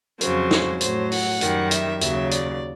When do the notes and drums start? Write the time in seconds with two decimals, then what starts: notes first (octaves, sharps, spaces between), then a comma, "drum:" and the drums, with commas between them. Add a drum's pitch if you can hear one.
0.21 F2 C#3 F#3 C5, drum: hi-hat
0.51 drum: snare
0.81 A2 F#3 C5, drum: hi-hat
1.12 F#5, drum: open hi-hat
1.41 F#2 D#3 G3, drum: hi-hat
1.71 E5, drum: hi-hat
2.01 D#2 C#3 F#3 E5, drum: hi-hat
2.31 D5, drum: hi-hat